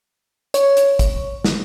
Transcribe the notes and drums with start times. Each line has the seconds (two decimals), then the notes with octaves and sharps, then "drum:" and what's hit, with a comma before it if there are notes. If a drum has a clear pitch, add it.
0.54 C#5, drum: hi-hat
0.77 drum: hi-hat
0.99 drum: kick, hi-hat
1.44 drum: snare